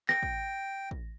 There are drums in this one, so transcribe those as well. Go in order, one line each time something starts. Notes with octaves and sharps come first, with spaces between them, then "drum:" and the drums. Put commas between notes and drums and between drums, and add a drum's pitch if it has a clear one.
G5 A#6, drum: clap
drum: kick
drum: kick